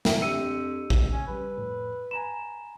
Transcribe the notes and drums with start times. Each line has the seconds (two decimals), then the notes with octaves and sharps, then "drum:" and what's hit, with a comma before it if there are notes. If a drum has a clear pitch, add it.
0.05 B2 F3 E5 G5, drum: snare
0.22 F2 D4 G4 E6 C#7 D#7
0.90 drum: kick A1
1.12 C#4
1.27 C#2 G3 B4
1.57 F2 A2
2.11 G#5 A#5 B5 E7